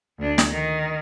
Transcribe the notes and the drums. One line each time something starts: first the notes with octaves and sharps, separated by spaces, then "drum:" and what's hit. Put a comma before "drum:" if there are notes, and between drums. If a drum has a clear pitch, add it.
D2 D4
drum: snare
D#3